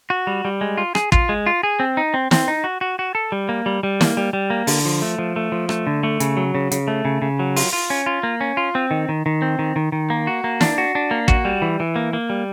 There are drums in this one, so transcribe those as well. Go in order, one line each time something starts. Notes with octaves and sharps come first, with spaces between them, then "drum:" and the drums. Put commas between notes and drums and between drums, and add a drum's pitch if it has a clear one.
F#4
G3
G3
G#3
F4
G#4, drum: rim click
F4, drum: kick
G#3
F4
G#4
C4
D#4
C4
C4, drum: snare
D#4
F#4
F#4
F#4
A4
G3
A#3
G3
G3
A#3, drum: snare
G3
G3
A#3
D3, drum: open hi-hat
F3
A3
F3
A3
F3
A3, drum: rim click
D3
A3
C#3, drum: hi-hat
F#3
C#3
C#3, drum: hi-hat
A3
C#3
C#3
F#3
F4, drum: open hi-hat
F4
C#4
F4
A#3
C#4
F4
C4
D#3
D#3
D#3
C4
D#3
D#3
D#3
A#3
F#4
A#3
D4, drum: snare
F#4
D4
A#3
F#4, drum: kick
G3
E3
E3
A#3
A#3
G3